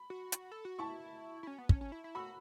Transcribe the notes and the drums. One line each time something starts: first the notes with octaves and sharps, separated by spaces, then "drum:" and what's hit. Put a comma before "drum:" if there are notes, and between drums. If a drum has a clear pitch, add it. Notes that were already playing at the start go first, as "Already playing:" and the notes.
Already playing: B5
F#4
drum: hi-hat
A4
F#4
E4 A5 C#6
E4
C#4
B3
C#4, drum: kick
C#4
E4
E4
F#4 B5 E6